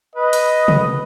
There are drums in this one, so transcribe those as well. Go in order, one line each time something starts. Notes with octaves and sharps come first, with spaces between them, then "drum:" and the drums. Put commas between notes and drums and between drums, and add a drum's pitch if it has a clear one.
B4 D#5
drum: hi-hat
drum: tom C3